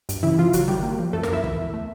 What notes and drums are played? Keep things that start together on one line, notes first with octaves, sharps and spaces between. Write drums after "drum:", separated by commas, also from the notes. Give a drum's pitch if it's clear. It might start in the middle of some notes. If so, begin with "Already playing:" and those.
G2, drum: hi-hat
C#3 E3 E4
C#3 F3 F4
G#1 F#3 F#4, drum: hi-hat
D#3 G3 G4
A#3
F3
F#2 A3 A4
A#3 A#4, drum: snare
F#2 E4 E5
E3, drum: kick
E2
A3